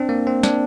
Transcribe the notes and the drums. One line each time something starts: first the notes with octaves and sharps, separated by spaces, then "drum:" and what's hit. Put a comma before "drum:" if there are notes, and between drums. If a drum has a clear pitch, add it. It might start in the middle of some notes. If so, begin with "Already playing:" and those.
Already playing: C4 D4
A#3
C4
D4, drum: snare